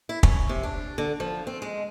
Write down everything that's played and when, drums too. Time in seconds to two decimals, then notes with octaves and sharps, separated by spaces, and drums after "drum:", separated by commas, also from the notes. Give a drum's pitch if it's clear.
0.09 E4
0.23 C#4, drum: kick
0.49 C3
0.63 D4
0.98 D3
1.20 F3
1.47 C4
1.62 G#3